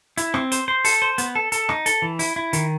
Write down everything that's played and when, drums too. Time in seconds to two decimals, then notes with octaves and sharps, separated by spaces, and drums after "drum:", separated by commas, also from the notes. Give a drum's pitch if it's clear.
0.17 E4, drum: hi-hat
0.34 C4, drum: rim click
0.52 C5, drum: hi-hat
0.68 C5
0.84 A4, drum: open hi-hat
1.02 C5
1.18 B3, drum: hi-hat
1.35 A4
1.52 A4, drum: hi-hat
1.69 D#4, drum: rim click
1.86 A4, drum: hi-hat
2.02 E3
2.19 E4, drum: open hi-hat
2.36 E4
2.53 D#3, drum: hi-hat